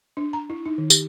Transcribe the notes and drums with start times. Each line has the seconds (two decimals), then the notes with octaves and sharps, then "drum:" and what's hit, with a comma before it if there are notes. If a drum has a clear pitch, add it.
0.17 D4
0.33 A#5
0.50 E4
0.66 D#4
0.78 D#3
0.90 G4, drum: tambourine